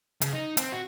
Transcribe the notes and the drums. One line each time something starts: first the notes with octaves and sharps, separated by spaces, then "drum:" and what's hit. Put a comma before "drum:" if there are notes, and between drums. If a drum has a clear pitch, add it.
C#3, drum: hi-hat
D#4
C4, drum: hi-hat
F#4